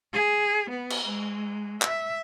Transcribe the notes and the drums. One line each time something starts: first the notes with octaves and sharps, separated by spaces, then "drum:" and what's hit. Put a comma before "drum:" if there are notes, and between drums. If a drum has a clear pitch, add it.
G#4
B3
drum: cymbal
G#3
E5, drum: clap